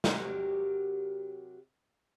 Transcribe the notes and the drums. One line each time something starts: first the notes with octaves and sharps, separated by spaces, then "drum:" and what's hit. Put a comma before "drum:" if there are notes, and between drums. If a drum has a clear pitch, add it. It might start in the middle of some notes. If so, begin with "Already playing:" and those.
C3 F#3 G4 A#4, drum: snare